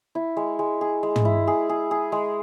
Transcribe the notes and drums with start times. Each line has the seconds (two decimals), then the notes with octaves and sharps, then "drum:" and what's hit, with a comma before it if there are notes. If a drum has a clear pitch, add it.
0.15 E4
0.37 G#3
0.59 G#3
0.81 G#4
1.03 G#3
1.16 drum: tom
1.25 E4
1.47 G#4
1.69 G#4
1.91 G#4
2.12 G#3